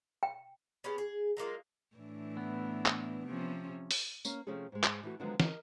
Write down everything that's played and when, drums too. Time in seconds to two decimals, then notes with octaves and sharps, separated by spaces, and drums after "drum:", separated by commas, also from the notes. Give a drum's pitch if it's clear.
0.23 G5
0.84 B3 C#4 G4 G#4
0.98 G#4
1.37 F#3 G#3 A#3 F4
1.96 A2 E3 D4
2.37 B3
2.86 drum: clap
3.26 C3 F3 C#4
3.91 drum: open hi-hat
4.25 A#3 C#4, drum: tambourine
4.47 C3 F3 A3 C#4 G#4 A4
4.72 G#2 G#3
4.83 drum: clap
5.03 E3 A3 F#4
5.20 D3 D#3 F3 F#3 G#3 B3
5.40 A#4 D#5, drum: snare